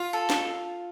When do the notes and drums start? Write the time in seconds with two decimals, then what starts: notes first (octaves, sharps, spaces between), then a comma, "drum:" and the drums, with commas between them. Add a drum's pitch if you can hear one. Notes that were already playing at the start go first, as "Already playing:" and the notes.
Already playing: F4
0.13 A4
0.30 drum: snare